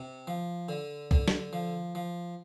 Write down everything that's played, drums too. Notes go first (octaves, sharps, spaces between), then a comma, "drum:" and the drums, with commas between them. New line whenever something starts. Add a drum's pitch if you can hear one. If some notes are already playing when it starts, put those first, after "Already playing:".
Already playing: C3
F3
D3
D3, drum: kick B1
drum: snare
F3
F3